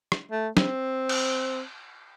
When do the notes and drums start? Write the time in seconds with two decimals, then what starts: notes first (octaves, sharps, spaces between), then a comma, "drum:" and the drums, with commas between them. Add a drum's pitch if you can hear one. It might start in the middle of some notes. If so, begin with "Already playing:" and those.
0.12 drum: rim click
0.31 A3
0.57 C4, drum: snare
1.09 drum: cymbal